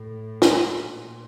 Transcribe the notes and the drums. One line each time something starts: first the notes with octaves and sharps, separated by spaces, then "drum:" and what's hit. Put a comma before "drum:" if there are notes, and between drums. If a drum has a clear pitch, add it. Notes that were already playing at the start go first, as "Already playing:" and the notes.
Already playing: A2
drum: snare
A#2